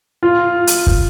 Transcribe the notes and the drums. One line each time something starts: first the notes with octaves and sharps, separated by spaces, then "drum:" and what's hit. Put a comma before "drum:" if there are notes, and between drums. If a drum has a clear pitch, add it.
F4
drum: hi-hat
drum: kick